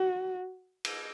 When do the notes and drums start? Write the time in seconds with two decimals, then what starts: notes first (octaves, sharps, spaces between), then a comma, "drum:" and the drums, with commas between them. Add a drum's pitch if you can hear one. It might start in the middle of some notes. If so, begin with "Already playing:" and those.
Already playing: F#4
0.85 drum: cymbal